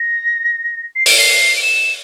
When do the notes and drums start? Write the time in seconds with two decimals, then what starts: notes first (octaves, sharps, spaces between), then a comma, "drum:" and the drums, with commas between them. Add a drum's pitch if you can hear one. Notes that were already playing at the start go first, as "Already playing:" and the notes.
Already playing: A#6
0.95 C7
1.06 D7, drum: open hi-hat
1.17 C7
1.56 D7
1.61 E7